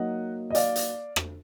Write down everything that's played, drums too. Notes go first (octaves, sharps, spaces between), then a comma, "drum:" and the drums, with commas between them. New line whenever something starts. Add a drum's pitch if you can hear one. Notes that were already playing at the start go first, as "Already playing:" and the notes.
Already playing: F#3 A#3 D#4 D#5 F#5
D#5
D5 F5, drum: hi-hat
drum: hi-hat
drum: rim click